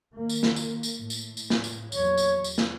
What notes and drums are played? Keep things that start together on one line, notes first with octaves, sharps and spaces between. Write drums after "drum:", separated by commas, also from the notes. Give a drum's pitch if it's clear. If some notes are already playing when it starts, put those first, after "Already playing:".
D#3 A#3
drum: tambourine
drum: snare
drum: tambourine
drum: tambourine
A2
drum: tambourine
drum: tambourine
drum: snare
drum: tambourine
E2 A#2 F#3 C#5, drum: tambourine
drum: tambourine
drum: tambourine
drum: snare